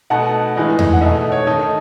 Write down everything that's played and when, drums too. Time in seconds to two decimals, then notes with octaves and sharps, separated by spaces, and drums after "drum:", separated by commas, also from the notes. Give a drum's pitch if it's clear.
0.10 B2 A3 D#4 F#5
0.56 A2 E3 G#3 D#4
0.79 drum: tom E2
0.93 F#5
1.01 B2 A3 D#4 E5
1.32 C#5
1.47 D#3 A3 D#4 A4